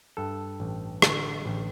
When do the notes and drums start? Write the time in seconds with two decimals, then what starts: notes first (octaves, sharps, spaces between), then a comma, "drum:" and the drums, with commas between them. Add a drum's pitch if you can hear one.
0.17 G2 A4
0.60 A1
1.02 D3, drum: rim click
1.46 A1